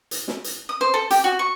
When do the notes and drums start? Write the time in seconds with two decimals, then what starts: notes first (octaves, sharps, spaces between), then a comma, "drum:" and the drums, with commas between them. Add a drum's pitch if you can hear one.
0.11 drum: hi-hat
0.28 drum: snare
0.44 drum: hi-hat
0.69 D#6
0.81 C5
0.94 A4
1.11 G4, drum: hi-hat
1.24 F#4
1.39 C#6